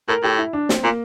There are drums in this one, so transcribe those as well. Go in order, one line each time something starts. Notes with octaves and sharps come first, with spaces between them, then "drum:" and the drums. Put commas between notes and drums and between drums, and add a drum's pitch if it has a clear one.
A2 A#4
A2 G4
E4
D4
C4, drum: snare
A#2 A#3